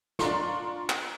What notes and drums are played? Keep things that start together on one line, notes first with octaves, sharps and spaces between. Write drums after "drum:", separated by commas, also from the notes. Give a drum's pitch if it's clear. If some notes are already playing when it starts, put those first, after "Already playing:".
D4 F4 A#5 C6 C#6, drum: snare
drum: clap